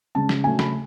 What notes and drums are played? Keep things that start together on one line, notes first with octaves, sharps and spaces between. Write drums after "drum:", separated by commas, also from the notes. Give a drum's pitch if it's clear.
C#3 G#3 C#4 A5
drum: snare
C#3 F#3 A3 D4 G#5
B5, drum: snare